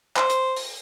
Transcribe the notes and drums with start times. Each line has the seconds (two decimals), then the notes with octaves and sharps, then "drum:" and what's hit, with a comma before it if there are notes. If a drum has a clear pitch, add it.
0.16 C5, drum: clap
0.30 drum: hi-hat
0.56 drum: open hi-hat